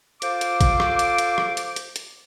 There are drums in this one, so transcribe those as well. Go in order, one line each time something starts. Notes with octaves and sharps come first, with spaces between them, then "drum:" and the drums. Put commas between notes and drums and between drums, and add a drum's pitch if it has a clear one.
F4 A4 C5 D6, drum: hi-hat
drum: hi-hat
drum: kick, hi-hat
drum: rim click
drum: hi-hat
drum: hi-hat
drum: rim click
drum: hi-hat
drum: hi-hat
drum: hi-hat